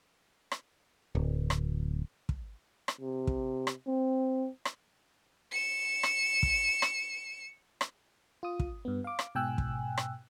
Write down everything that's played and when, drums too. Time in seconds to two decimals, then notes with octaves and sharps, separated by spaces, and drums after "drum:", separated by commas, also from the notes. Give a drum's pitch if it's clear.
0.51 drum: rim click
1.15 D1
1.50 drum: rim click
2.29 drum: kick
2.88 drum: rim click
3.01 C3
3.27 drum: kick
3.67 drum: rim click
3.87 C4
4.65 drum: rim click
5.51 C#7 E7
6.03 drum: rim click
6.43 drum: kick
6.82 drum: rim click
7.81 drum: rim click
8.43 F4 D#6
8.60 drum: kick
8.85 G2 B3
9.04 F5 D6
9.19 drum: rim click
9.35 G#2 B2 G5 G#5 E6 F#6
9.58 drum: kick
9.97 drum: rim click